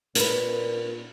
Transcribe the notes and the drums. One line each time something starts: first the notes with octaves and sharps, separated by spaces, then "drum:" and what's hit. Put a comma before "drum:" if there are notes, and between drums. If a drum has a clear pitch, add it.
A#2 A#4 B4, drum: hi-hat